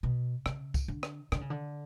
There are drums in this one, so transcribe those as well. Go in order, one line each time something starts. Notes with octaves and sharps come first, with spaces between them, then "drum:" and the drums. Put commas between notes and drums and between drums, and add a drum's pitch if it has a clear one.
B2
C#3, drum: rim click
drum: kick C2, tambourine
D3
drum: rim click
D3, drum: rim click
C#3
D3